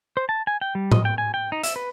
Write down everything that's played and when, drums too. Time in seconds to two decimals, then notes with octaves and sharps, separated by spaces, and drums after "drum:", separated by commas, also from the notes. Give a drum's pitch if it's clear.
0.17 C5
0.29 A5
0.47 G#5
0.61 G5
0.75 G3
0.92 D#5, drum: tom A2
1.05 G5
1.18 G#5
1.34 G5
1.52 D#4
1.63 E5, drum: hi-hat
1.76 B4